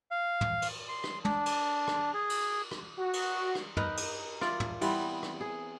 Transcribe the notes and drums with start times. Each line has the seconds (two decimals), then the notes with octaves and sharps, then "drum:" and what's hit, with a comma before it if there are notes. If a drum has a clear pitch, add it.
0.11 F5
0.41 drum: tom
0.62 drum: cymbal
0.89 C6
1.04 drum: rim click
1.25 D4, drum: tom
1.46 drum: cymbal
1.88 drum: rim click
2.14 G#4
2.29 drum: cymbal
2.71 drum: rim click
2.98 F#4
3.13 drum: cymbal
3.55 drum: rim click
3.77 D#4 A#4 B4 D#5, drum: tom
3.97 drum: cymbal
4.41 F4 D5 E5, drum: rim click
4.60 drum: tom
4.81 E3 G3 B3 C4, drum: cymbal
5.23 drum: rim click
5.41 G#4